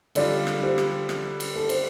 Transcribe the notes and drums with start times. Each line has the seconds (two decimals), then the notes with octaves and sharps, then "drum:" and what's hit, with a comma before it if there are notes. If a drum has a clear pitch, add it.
0.15 D3 G3 F4 A4 D5, drum: cymbal
0.47 drum: rim click
0.62 G4 C5
0.78 drum: rim click
1.09 drum: rim click
1.40 drum: cymbal
1.55 A4
1.69 C5, drum: cymbal